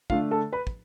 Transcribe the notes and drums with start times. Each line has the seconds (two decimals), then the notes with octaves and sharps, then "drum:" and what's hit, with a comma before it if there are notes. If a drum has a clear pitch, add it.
0.10 D3 A3 D4 F4 F5, drum: kick
0.31 A4 A5
0.53 B4 B5
0.67 drum: kick